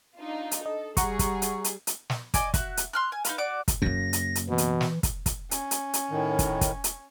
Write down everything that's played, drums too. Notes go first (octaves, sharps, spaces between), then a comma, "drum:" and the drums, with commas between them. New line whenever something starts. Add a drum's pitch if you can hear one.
D4 D#4 F4
drum: hi-hat
A4 D#5
G3 G#4 F#5 A#5 C#6, drum: kick, hi-hat
drum: kick, hi-hat
drum: hi-hat
drum: hi-hat
drum: hi-hat
drum: snare
D5 D#5 G#5 D6, drum: kick, hi-hat
F#4 E5 F#6, drum: kick, hi-hat
drum: hi-hat
C6 F6 F#6
G#5
D#4 B4 F5, drum: hi-hat
F#4 D5 D6
drum: kick, hi-hat
F#2 C#3 A#3 A#6
drum: hi-hat
drum: hi-hat
B2 E3
drum: hi-hat
drum: snare
drum: kick, hi-hat
drum: kick, hi-hat
C#4, drum: hi-hat
drum: hi-hat
drum: hi-hat
A2 D#3
drum: kick, hi-hat
drum: kick, hi-hat
drum: hi-hat